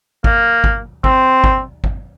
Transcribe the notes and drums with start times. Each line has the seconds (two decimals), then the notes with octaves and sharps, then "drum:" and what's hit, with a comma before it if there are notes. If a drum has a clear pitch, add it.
0.24 A#3, drum: kick G#1
0.64 drum: kick G#1
1.04 C4, drum: kick G#1
1.44 drum: kick G#1
1.84 drum: kick G#1